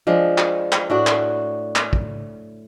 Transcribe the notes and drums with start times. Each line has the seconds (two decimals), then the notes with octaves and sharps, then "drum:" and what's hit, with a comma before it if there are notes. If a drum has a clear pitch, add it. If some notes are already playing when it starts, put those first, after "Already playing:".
0.07 F3 G#3 D4
0.38 drum: clap
0.72 drum: clap
0.90 A2 D4 F#4
1.07 drum: clap
1.76 drum: clap
1.93 drum: kick